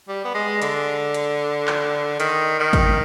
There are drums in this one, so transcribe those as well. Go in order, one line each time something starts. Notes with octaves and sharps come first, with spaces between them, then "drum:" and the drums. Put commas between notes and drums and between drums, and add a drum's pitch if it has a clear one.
G3
B3
G#3
D3, drum: hi-hat
drum: hi-hat
drum: clap
D#3, drum: hi-hat
D#3
drum: kick G#1, hi-hat